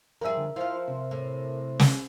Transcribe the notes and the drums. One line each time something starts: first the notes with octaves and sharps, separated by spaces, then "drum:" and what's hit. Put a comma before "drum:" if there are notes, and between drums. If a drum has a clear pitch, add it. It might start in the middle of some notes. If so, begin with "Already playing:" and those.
F2 G3 G#4 A#4 E5
D3
F3 E4 F4 C6 F6
C3 C4
A2
drum: snare